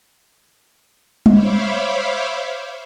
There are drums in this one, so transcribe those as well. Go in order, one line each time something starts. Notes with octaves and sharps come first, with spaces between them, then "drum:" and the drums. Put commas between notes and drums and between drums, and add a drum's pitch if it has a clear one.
C5 C#5 E5 F5 B5 D6, drum: tom G3